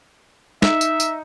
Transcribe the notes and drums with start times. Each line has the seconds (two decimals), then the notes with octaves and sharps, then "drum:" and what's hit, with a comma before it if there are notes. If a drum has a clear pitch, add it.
0.62 D#4 E5, drum: snare
0.81 drum: tambourine
1.00 drum: tambourine